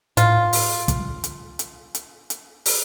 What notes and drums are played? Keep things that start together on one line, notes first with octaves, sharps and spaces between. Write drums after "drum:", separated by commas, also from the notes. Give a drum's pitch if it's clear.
A2 F4, drum: hi-hat
drum: open hi-hat
drum: kick, hi-hat
drum: hi-hat
drum: hi-hat
drum: hi-hat
drum: hi-hat
drum: open hi-hat